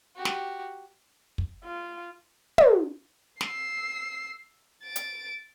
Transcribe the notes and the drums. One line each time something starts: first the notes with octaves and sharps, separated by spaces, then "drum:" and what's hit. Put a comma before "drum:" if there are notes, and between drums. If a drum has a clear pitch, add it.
F#4 G4
drum: snare
drum: kick
F4
drum: tom
E6 C7, drum: snare
A6 D7
drum: hi-hat